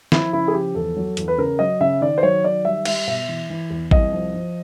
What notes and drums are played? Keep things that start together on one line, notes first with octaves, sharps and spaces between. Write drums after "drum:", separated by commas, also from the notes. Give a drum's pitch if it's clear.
F3 E4, drum: snare
C#3 E4
G#4
F3 G4
E2 A4
F#3
E2, drum: hi-hat
B4
C#3 A#4
F#3 D#5
C#3 E5
D#3 D5
C5
F#3 C#5
D#3 D5
G3 E5
G3 E5, drum: cymbal
B2 E5
E3
E3
E2
C2 D#5, drum: kick G#1
F3
F3